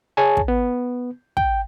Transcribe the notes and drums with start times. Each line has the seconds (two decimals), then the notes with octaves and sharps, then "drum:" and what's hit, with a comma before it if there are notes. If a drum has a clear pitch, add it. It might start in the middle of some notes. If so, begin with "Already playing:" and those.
0.17 G#4 C#5 G#5 A5
0.37 drum: kick
0.48 B3
1.37 G5, drum: kick